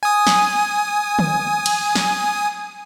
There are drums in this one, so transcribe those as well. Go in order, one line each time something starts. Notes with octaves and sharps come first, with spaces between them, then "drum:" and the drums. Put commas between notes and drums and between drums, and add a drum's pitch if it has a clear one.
G#5 D#6
drum: snare
drum: tom
drum: cymbal
drum: snare